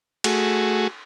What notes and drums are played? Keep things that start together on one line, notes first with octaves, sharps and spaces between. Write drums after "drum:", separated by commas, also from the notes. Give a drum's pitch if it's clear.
A3 F#4 G#4, drum: cymbal